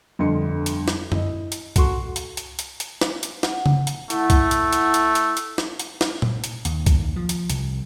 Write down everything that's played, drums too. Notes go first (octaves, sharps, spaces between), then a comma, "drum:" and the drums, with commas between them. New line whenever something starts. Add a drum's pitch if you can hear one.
G1 F2 D3 D#5 C6 C#7
drum: hi-hat
drum: snare
E4 D#5, drum: tom F#2
drum: hi-hat
F#4 A4 C6 C#6, drum: kick C2, hi-hat
drum: hi-hat
drum: hi-hat
drum: hi-hat
drum: hi-hat
drum: snare
drum: hi-hat
F#5, drum: snare
drum: tom C#3
drum: hi-hat
A3 E4 F#5, drum: hi-hat
drum: kick C2, hi-hat
drum: hi-hat
drum: hi-hat
drum: hi-hat
drum: hi-hat
drum: hi-hat
drum: snare
drum: hi-hat
drum: snare
drum: tom A#2
drum: hi-hat
D#2, drum: hi-hat
drum: kick C2, hi-hat
F3
drum: hi-hat
C2, drum: hi-hat